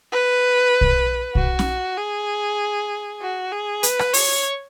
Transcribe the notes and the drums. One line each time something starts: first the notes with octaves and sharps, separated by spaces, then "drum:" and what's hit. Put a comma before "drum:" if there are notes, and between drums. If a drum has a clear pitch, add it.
B4
drum: kick
F#4, drum: kick
drum: snare C#4
G#4
F#4
G#4
B4, drum: hi-hat
drum: rim click
C#5, drum: open hi-hat